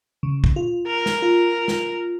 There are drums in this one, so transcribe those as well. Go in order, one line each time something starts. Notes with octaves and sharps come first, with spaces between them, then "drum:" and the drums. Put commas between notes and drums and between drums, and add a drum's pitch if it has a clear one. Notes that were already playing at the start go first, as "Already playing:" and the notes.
C#3
drum: kick
F4
A#4
drum: snare
F4
drum: snare